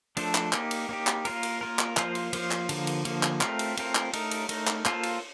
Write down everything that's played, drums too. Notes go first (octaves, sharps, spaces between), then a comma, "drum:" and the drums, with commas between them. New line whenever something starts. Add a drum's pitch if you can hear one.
F3 A3 D4 A4 C5, drum: cymbal
drum: clap
A#3 D#4 G4, drum: clap
drum: cymbal
A#3 D#4 G4
drum: clap
A#3 F4 A#4, drum: cymbal
drum: cymbal
A#3 F4 A#4
drum: clap
F3 A#3 F4 C5, drum: clap
drum: cymbal
F3 A#3 F4 C5, drum: cymbal
drum: clap
D3 F3 A#3, drum: cymbal
drum: cymbal
D3 F3 A#3, drum: cymbal
drum: clap
A3 C4 F4 A#4, drum: clap
drum: cymbal
A3 C4 F4 A#4, drum: cymbal
drum: clap
A3 D#4 A#4, drum: cymbal
drum: cymbal
A3 D#4 A#4, drum: cymbal
drum: clap
A#3 F4 A4 C5, drum: clap
drum: cymbal